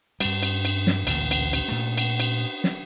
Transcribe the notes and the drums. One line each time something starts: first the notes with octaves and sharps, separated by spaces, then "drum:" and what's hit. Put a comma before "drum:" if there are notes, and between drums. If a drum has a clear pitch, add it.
G2 G3, drum: cymbal
drum: cymbal
drum: cymbal
drum: snare
A1 D2 A#2, drum: cymbal
drum: cymbal
drum: cymbal
A#2 A3
drum: cymbal
drum: cymbal
drum: snare